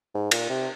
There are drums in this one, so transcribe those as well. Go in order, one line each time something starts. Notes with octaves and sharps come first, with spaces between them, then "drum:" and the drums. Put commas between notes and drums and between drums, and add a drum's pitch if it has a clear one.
G#2
A#2, drum: cymbal
C3